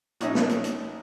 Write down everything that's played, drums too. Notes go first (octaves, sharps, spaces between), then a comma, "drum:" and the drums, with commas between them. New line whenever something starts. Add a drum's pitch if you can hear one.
A#1 C#4 D#4 E5, drum: hi-hat
drum: snare
drum: hi-hat
drum: hi-hat